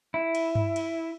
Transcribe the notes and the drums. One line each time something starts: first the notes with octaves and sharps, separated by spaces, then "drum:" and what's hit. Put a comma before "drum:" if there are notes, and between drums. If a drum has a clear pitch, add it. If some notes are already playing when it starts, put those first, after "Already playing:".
E4
drum: cymbal
drum: tom G2
drum: cymbal